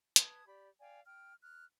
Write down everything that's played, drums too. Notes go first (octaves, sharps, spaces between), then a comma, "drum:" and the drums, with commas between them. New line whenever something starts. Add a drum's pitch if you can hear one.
B4 A5 D#6 G#6, drum: hi-hat
G4 D5 B5
D5 F5 G5 G#5
G5 F6
F6 F#6